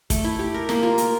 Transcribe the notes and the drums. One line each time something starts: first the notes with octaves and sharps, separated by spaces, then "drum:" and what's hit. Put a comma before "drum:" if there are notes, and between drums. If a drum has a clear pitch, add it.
A3, drum: kick, hi-hat
E4
G4
A#4
A#3, drum: snare
F4
A#4, drum: hi-hat